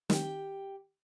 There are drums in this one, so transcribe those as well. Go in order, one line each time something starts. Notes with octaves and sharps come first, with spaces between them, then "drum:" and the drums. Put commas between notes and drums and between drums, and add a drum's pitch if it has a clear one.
D#3 G4 G5, drum: snare